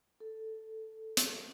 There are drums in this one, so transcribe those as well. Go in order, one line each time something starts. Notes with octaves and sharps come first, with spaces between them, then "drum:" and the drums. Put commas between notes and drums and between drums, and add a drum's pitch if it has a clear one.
A4
drum: hi-hat